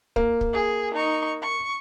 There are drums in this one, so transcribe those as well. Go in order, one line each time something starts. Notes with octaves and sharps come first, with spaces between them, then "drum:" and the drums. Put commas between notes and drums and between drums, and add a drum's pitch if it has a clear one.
A#3, drum: kick
drum: kick
G#4
D#4 C#6
C#6